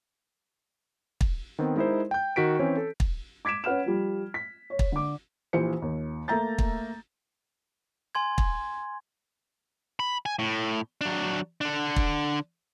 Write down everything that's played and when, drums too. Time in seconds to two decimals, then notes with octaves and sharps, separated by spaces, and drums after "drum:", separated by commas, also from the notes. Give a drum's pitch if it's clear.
1.21 drum: kick
1.59 D#3 B3 C4
1.76 G#3 D#4 E4 A#4 C5
2.11 G5 G6
2.36 D#3 F#4 B6 D7
2.59 E3 C4 C#4 C#5
2.77 A4
3.00 drum: kick
3.45 D6 G#6 B6 D7 E7
3.64 C#4 B4 F#5 F6 E7
3.86 F3 G3
4.34 B6
4.70 C#5
4.79 drum: kick
4.92 D3 D6
5.53 A#1 E3 G4 C5 C#7
5.82 D#2
6.28 A3 A#3 E5 A#5 G6 A6
6.59 drum: kick
8.15 G#5 C6 G#6
8.38 drum: kick
10.00 B5
10.26 G#5
10.39 A2
11.01 F#3 D4
11.61 D3 D4
11.96 drum: kick